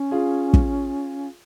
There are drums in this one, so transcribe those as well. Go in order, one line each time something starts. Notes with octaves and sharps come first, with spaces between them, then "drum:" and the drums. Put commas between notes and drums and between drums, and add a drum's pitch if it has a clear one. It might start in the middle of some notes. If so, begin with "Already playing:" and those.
Already playing: C#4
F4 G#4
drum: kick